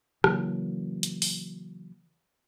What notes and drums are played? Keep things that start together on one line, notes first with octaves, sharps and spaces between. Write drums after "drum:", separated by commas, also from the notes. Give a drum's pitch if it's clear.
C#3 E3 F#3 A#3, drum: rim click
drum: hi-hat
drum: open hi-hat